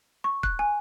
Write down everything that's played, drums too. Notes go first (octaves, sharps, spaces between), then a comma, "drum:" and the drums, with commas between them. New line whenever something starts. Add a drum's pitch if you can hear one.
C#6
F#6, drum: kick
G#5